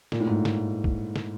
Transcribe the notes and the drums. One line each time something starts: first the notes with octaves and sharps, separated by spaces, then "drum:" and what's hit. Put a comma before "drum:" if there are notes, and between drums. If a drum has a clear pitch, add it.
A#2, drum: snare
A2
G#2
A2
drum: snare
drum: kick
drum: snare